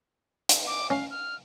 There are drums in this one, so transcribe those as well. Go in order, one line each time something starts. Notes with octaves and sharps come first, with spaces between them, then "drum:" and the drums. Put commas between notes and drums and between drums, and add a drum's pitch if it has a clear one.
drum: hi-hat
D6
C#4 F5
F6